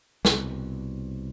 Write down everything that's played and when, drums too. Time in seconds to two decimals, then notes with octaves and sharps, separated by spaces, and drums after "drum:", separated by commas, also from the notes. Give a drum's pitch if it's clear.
0.25 C2 B2, drum: snare